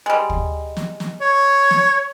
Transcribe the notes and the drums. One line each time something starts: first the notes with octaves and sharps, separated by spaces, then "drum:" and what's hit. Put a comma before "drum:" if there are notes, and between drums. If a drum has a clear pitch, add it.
G3 G#3
drum: kick
drum: snare
drum: snare
C#5
drum: snare